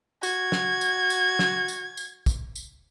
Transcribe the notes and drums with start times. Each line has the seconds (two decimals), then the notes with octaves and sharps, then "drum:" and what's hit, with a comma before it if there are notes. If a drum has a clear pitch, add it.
0.23 F#4 G#6, drum: tambourine
0.52 drum: snare
0.81 drum: tambourine
1.10 drum: tambourine
1.39 drum: snare
1.68 drum: tambourine
1.97 drum: tambourine
2.26 drum: kick, tambourine
2.55 drum: tambourine